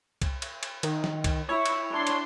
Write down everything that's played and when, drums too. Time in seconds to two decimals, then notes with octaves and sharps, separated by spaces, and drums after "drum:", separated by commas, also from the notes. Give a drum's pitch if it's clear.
0.22 drum: kick C2, cymbal
0.42 drum: cymbal
0.63 drum: cymbal
0.83 D#3, drum: cymbal
1.04 drum: snare
1.24 drum: kick C2, cymbal
1.49 E4 C#5
1.66 drum: cymbal
1.91 D4 E4 C6
2.07 drum: cymbal